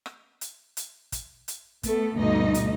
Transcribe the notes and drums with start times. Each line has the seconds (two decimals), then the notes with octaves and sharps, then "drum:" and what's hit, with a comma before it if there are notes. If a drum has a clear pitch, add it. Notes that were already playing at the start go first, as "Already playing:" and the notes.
0.06 drum: rim click
0.41 drum: hi-hat
0.77 drum: hi-hat
1.12 drum: kick, hi-hat
1.48 drum: hi-hat
1.83 A3 B3 A4, drum: kick, hi-hat
2.15 D2 G2 B2 A3 D#4 D#5
2.54 drum: hi-hat